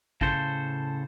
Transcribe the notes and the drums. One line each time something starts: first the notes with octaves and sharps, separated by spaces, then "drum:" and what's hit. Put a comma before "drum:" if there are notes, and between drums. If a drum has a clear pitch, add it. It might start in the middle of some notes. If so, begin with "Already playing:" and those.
A2 C#3 A4 C5, drum: kick G#1